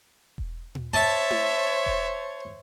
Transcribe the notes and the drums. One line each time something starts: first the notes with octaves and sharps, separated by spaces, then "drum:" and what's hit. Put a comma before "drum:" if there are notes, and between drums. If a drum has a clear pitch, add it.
drum: kick E1
drum: tom A#2
C5 C#5 E5 A5
drum: tom E4
drum: kick E1